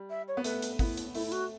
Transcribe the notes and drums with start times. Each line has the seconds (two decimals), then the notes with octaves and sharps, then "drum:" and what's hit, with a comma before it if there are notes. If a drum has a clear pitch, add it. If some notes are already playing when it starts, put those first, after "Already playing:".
Already playing: G3
0.10 E5
0.28 C#5
0.37 B3
0.44 A3 B4, drum: hi-hat
0.62 drum: hi-hat
0.79 B3 E4, drum: kick, open hi-hat
0.97 drum: hi-hat
1.15 A3 E4, drum: open hi-hat
1.26 E4
1.32 F#4, drum: hi-hat